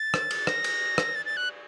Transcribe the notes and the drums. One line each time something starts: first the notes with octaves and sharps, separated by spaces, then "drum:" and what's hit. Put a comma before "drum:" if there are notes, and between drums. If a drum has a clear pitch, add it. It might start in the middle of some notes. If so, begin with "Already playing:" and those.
Already playing: A6
drum: rim click
drum: cymbal
A#6, drum: rim click
drum: cymbal
drum: rim click
A6
A6
F#6